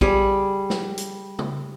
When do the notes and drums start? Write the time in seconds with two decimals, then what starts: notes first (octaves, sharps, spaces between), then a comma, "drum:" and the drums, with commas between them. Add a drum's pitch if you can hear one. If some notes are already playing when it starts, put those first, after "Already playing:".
0.01 G3 G#4, drum: kick A#1
0.70 drum: snare
0.98 drum: hi-hat
1.39 drum: tom